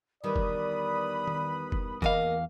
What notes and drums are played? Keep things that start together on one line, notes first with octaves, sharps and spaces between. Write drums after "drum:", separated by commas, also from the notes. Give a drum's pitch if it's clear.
E2 D#3 G3 B4 D5 B5 D#6
drum: kick
drum: tom D#3
drum: kick
E2 A#3 D#5 F5, drum: kick